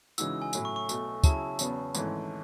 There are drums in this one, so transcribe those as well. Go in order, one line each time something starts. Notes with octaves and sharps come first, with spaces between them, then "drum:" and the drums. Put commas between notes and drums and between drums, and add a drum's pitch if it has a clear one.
C#3 E3 G#3 D#4 F#4 E6, drum: tambourine
G#5
A2 F#3 C#4 E4, drum: tambourine
C#6
C#6
B1 B2 A3, drum: tambourine
C#3 F#3 C#4 E4 G#4 A5, drum: kick, tambourine
E2 C#3 F#3 B3, drum: tambourine
G#1 G#2 E3 A3 C#4, drum: tambourine